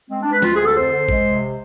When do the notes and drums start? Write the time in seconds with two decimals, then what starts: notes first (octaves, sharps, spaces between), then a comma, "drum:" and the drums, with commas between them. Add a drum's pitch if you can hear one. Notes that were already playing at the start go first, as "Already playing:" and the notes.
0.10 G#3 C4
0.21 D4
0.26 G#3
0.32 B4
0.42 D2 F4, drum: snare
0.53 G#4
0.59 D3
0.65 A4
0.75 F2 C5
0.92 D3
1.09 G#3, drum: kick G#1
1.26 C3